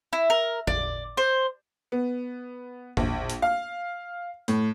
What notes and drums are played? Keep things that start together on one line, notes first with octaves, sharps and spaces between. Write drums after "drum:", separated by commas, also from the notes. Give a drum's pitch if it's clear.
E4
A#4
D5, drum: tom
C5
B3
A#1, drum: tom
drum: hi-hat
F5
A2, drum: hi-hat